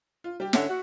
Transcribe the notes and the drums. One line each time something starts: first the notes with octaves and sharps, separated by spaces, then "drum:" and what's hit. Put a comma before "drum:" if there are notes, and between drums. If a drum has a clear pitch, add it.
F4
G3 G4
D3 C#4 C#5 E5 F#5, drum: snare
F#4